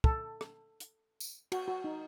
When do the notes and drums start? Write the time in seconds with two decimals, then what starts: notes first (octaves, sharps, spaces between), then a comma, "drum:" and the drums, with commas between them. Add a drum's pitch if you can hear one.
0.04 A4, drum: kick
0.41 drum: rim click
0.80 drum: hi-hat
1.20 drum: tambourine
1.52 F#4, drum: cymbal
1.68 F#4
1.84 D#4